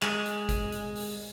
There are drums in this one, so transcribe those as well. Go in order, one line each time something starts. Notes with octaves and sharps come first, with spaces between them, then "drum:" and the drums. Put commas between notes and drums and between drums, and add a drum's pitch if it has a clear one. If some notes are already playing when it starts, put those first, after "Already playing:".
G#3, drum: clap
drum: hi-hat
drum: kick, hi-hat
drum: hi-hat
drum: open hi-hat